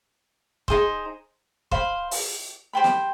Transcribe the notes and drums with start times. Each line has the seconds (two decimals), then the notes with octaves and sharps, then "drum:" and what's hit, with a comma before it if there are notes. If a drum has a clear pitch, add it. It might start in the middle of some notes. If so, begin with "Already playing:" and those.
0.68 D#4 G#4 C5, drum: kick
1.71 C5 F5 B5, drum: kick
2.11 drum: open hi-hat
2.73 G4 C5 G5 B5
2.84 drum: snare